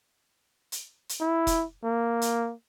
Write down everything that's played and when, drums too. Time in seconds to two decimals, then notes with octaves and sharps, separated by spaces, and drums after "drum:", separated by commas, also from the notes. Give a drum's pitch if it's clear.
0.72 drum: hi-hat
1.09 drum: hi-hat
1.21 E4
1.47 drum: kick, hi-hat
1.84 A#3
2.22 drum: hi-hat